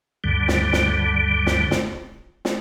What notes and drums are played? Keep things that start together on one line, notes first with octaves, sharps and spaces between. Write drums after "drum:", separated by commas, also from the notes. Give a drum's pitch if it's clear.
D2 G2 D3 G3
drum: snare
drum: snare
drum: snare
drum: snare
drum: snare